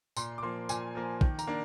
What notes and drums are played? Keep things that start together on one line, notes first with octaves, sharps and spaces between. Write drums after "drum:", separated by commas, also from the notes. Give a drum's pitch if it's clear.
A#2 C6, drum: tambourine
D6
F3 A#3 C6
A#2 G#5, drum: tambourine
F3 A#3
D#3, drum: kick
A#5, drum: tambourine
A#3 D4